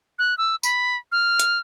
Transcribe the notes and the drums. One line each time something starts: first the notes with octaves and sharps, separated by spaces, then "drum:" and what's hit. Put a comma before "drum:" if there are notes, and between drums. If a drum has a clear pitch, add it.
F#6
E6
B5, drum: tambourine
F6
drum: hi-hat